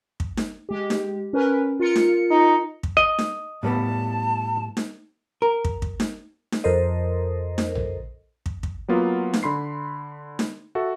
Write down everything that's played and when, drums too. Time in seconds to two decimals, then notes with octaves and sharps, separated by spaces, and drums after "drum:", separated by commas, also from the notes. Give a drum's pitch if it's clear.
0.20 drum: kick
0.37 drum: snare D#4
0.69 G#3 G4
0.90 drum: snare D#4
1.33 C#4 A#4 B4
1.80 F4 A#4 C#7
1.95 drum: snare D#4
2.31 D#4
2.83 drum: kick
2.97 D#5
3.18 drum: snare D#4
3.63 A2 G3 B3 A5
4.77 drum: snare D#4
5.42 A#4
5.64 drum: kick
5.82 drum: kick
6.00 drum: snare D#4
6.52 drum: snare D#4
6.64 F2 A4 A#4 C5 D#5
7.58 drum: snare D#4
7.75 drum: tom A#1
8.46 drum: kick
8.63 drum: kick
8.88 F#3 A#3 B3 F4
9.33 drum: snare D#4
9.43 D3 B5 C6 C7
10.39 drum: snare D#4
10.75 F#4 A4 E5